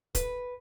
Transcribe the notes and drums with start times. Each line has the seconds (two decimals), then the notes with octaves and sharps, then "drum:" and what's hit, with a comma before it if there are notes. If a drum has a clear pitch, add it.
0.15 B4, drum: kick, hi-hat